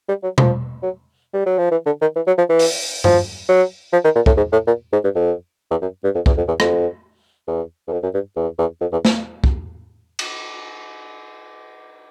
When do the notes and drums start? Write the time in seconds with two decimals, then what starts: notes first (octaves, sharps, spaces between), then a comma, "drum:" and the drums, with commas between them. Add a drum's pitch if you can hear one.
0.09 G3
0.23 F#3
0.38 F3, drum: tom B2
0.83 F#3
1.34 G3
1.46 F#3
1.59 F3
1.71 E3
1.86 D3
2.01 D#3
2.16 E3
2.27 F#3
2.38 F3
2.49 E3
2.59 drum: open hi-hat
3.04 F3, drum: tom G2
3.49 F#3
3.93 F3
4.04 D#3
4.15 A#2
4.26 A2, drum: kick
4.37 G#2
4.52 A2
4.67 A#2
4.93 G#2
5.04 G2
5.15 F2
5.71 E2
5.82 F#2
6.04 G2
6.15 F2
6.26 E2, drum: kick
6.37 F2
6.48 E2
6.60 F2, drum: rim click
7.48 E2
7.87 E2
7.92 F2
8.03 F#2
8.14 G2
8.36 E2
8.58 E2
8.81 F2
8.92 E2
9.05 drum: snare
9.44 drum: kick
10.19 drum: cymbal